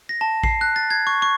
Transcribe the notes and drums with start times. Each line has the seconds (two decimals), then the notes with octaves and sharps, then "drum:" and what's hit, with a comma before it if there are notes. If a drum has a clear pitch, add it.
0.09 A#6
0.21 A5
0.43 C7, drum: kick A1
0.61 F#6
0.76 A6
0.90 G#6
1.07 C#6
1.22 C#6